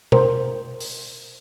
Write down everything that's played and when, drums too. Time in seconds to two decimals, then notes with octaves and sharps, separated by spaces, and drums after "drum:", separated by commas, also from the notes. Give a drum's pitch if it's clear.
0.12 A#4 C5, drum: tom B2
0.80 drum: open hi-hat